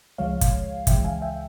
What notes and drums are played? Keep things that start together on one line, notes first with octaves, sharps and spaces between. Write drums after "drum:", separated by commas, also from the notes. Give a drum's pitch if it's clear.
C#2 C#3 F3 G#3 C#5 F5
drum: kick, hi-hat
C#2 C#3 E3 G#3 E5 G5, drum: kick, hi-hat
F5 G#5
E5 G5